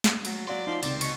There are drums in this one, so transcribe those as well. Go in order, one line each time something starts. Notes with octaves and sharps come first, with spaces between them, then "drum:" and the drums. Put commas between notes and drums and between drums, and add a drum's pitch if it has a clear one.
drum: snare
F#3, drum: cymbal
F#3 F#4 D5 F5 C6
F3 D#4 C6
C#2 C3 D#3 C4 D5, drum: cymbal
B2 C#6, drum: cymbal